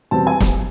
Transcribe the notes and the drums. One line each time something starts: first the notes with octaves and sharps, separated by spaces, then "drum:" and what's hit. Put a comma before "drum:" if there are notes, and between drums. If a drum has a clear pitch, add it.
E2 B2 G3 C4 A5
G#5
drum: snare